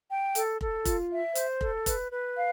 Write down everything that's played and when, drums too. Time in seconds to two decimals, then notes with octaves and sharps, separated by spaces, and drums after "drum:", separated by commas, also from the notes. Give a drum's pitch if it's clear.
0.10 G5
0.35 A4, drum: hi-hat
0.61 A4, drum: kick F1
0.85 F4, drum: kick F1, hi-hat
1.11 E5
1.35 C5, drum: hi-hat
1.61 A4, drum: kick F1
1.86 B4, drum: kick F1, hi-hat
2.11 B4
2.37 F5